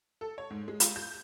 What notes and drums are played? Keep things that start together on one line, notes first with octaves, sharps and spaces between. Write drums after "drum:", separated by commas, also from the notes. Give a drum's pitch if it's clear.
A4
C#5
G#2
G#3
F4, drum: hi-hat
G6